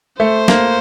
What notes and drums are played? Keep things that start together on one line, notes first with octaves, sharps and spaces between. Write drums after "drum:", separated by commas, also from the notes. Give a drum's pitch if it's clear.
A3 C5
A#3, drum: snare